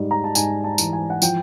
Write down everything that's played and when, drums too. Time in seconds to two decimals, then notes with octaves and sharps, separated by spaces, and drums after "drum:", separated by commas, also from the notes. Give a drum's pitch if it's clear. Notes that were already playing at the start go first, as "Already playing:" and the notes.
Already playing: G#2 G3
0.11 A#5
0.24 A5
0.35 G#2 G#5, drum: tambourine
0.64 A5
0.78 E3, drum: tambourine
0.93 G#5
1.10 F#5
1.22 F3 G5, drum: tambourine